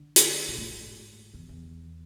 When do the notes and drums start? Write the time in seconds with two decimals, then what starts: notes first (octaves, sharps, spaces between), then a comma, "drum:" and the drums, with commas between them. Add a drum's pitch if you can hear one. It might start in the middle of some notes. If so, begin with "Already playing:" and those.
Already playing: D3
0.16 drum: hi-hat
0.48 B2
0.58 A2
0.68 G#2
1.34 E2
1.49 E2